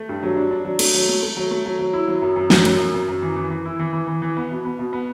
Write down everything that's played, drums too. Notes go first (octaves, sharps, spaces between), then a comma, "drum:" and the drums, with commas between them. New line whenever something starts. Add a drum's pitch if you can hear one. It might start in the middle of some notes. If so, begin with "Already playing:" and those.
Already playing: A3
G2
F#3
D4
D4
F#3
A3, drum: cymbal
F#3
A3
A3
F#3
A3
F#3
F#3
E4
F#3
F#2
F#2
F#3, drum: snare
F#2, drum: hi-hat
F#2
F#2
F#2
E3
E3
E3
E4
E3
E3
E3
E3
B3
B2
B3
B2
B3